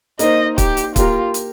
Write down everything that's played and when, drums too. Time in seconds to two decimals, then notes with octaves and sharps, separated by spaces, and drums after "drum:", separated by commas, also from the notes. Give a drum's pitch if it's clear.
0.19 A#3 D#4 C5 D#5, drum: hi-hat
0.58 G4, drum: kick, hi-hat
0.77 drum: hi-hat
0.96 A#3 F4 G4 A#4, drum: kick, hi-hat
1.34 drum: hi-hat